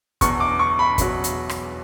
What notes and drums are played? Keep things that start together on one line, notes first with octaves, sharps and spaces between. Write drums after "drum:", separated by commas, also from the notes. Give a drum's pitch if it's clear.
E2 B2 F#3 C#6, drum: kick, hi-hat
D6
C#6
B5
E2 B2 F#3, drum: kick, hi-hat
drum: hi-hat
drum: rim click